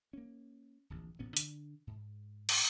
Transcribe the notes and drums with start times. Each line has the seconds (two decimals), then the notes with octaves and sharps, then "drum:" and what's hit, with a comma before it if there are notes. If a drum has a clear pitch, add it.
0.13 A#3 C#4
0.90 D1 A#1 E3
1.19 A1 A2 B3 C#4
1.37 D3, drum: hi-hat
1.87 G#2
2.49 drum: cymbal